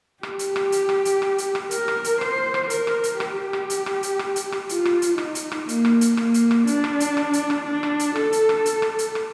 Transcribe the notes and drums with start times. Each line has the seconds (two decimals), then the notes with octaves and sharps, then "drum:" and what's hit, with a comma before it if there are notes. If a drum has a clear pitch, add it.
0.23 G4, drum: rim click
0.39 drum: hi-hat
0.56 drum: rim click
0.72 drum: hi-hat
0.89 drum: rim click
1.05 drum: hi-hat
1.22 drum: rim click
1.38 drum: hi-hat
1.55 drum: rim click
1.71 A#4, drum: hi-hat
1.88 drum: rim click
2.04 drum: hi-hat
2.21 C5, drum: rim click
2.54 drum: rim click
2.70 A#4, drum: hi-hat
2.87 drum: rim click
3.04 drum: hi-hat
3.20 G4, drum: rim click
3.53 drum: rim click
3.70 drum: hi-hat
3.86 drum: rim click
4.03 drum: hi-hat
4.19 drum: rim click
4.36 drum: hi-hat
4.52 drum: rim click
4.69 F4, drum: hi-hat
4.85 drum: rim click
5.02 drum: hi-hat
5.18 D#4, drum: rim click
5.35 drum: hi-hat
5.52 drum: rim click
5.69 A#3, drum: hi-hat
5.85 drum: rim click
6.01 drum: hi-hat
6.17 A#3, drum: rim click
6.34 drum: hi-hat
6.51 drum: rim click
6.67 D4, drum: hi-hat
6.84 drum: rim click
7.00 drum: hi-hat
7.17 drum: rim click
7.33 drum: hi-hat
7.50 drum: rim click
7.66 D4
7.83 drum: rim click
7.99 drum: hi-hat
8.16 A4, drum: rim click
8.33 drum: hi-hat
8.49 drum: rim click
8.66 drum: hi-hat
8.82 drum: rim click
8.99 drum: hi-hat
9.15 drum: rim click